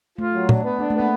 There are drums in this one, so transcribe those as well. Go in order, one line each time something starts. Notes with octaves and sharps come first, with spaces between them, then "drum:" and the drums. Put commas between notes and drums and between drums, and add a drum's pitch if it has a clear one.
A3 F4
F#3
D4, drum: tom
B3
A#3 D4
A3
B3
A#3